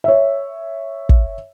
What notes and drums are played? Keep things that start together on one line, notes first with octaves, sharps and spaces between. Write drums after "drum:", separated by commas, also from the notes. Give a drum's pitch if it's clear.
C#5 E5
drum: kick